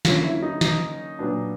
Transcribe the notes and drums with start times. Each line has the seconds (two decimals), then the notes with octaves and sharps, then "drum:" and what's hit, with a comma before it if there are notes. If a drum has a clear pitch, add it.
0.05 D3 F#3 A#3 C#4 F4, drum: snare
0.24 E4
0.42 D#4
0.61 D#4, drum: snare
1.19 A#2 F#3 B3 D4